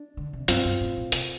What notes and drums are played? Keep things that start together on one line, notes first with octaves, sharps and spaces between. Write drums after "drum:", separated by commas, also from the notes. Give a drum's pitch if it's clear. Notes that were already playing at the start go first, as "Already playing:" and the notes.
Already playing: D4
D3
C3
G2 C4 F4, drum: hi-hat
G2
A2
A2
C3, drum: hi-hat